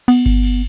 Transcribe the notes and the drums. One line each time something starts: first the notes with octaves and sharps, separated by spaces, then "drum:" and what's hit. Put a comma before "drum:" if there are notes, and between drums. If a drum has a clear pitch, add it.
B3, drum: cymbal
drum: kick G1, cymbal
drum: cymbal